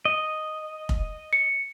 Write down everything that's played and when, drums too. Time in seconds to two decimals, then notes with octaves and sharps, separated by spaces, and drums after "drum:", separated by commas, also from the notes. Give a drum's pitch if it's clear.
0.05 D#5
0.89 drum: kick F1
1.33 C#7